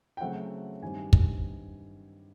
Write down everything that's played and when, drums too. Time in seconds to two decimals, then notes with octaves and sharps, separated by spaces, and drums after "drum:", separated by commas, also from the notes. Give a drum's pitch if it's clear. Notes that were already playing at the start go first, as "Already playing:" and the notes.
0.17 G5
0.21 C#3 F#3 A3 C4 F#5
0.82 G2 D#3 G3 C4 G#5
1.13 drum: kick